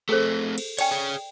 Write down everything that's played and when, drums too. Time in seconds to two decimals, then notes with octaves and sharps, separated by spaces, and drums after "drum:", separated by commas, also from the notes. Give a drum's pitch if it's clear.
0.09 A3 C4 G#4 A4 C5
0.58 drum: cymbal
0.79 C#5 D5 G5 G#5, drum: cymbal
0.91 G#4 C#5